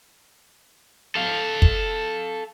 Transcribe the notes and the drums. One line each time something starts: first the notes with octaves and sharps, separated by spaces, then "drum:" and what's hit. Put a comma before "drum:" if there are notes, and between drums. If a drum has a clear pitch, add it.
A4 F5
drum: kick